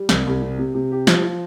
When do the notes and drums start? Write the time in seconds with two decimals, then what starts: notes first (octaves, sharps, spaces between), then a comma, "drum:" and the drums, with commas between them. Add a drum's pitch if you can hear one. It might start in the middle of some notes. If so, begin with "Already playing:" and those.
Already playing: G3
0.09 C2, drum: snare
0.26 C2
0.42 C3
0.59 C3
0.75 C3
0.92 G4
1.07 F3, drum: snare
1.23 F3